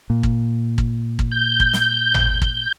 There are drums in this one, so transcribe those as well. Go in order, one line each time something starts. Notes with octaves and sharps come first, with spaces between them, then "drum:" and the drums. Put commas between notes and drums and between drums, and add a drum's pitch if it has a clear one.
A#2
drum: kick
drum: kick
drum: kick
G6
drum: kick
drum: snare
drum: tom G#1
drum: kick